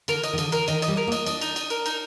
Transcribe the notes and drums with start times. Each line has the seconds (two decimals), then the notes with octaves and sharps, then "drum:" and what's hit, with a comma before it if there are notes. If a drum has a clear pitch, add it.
0.08 D3 A#4, drum: cymbal
0.23 D#5, drum: cymbal
0.33 D#3
0.38 D3 D#5, drum: cymbal
0.52 A#4, drum: cymbal
0.68 D#3 D#5, drum: cymbal
0.82 D#5, drum: cymbal
0.88 G3
0.97 A#4
1.07 A#3
1.12 D#5, drum: cymbal
1.26 D4 D#5, drum: cymbal
1.41 D#4, drum: cymbal
1.56 D#5, drum: cymbal
1.70 A#4, drum: cymbal
1.86 D#4, drum: cymbal